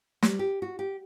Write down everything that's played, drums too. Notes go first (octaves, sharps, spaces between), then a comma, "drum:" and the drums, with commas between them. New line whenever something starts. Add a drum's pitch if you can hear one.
G3, drum: snare
G4
F#4
G4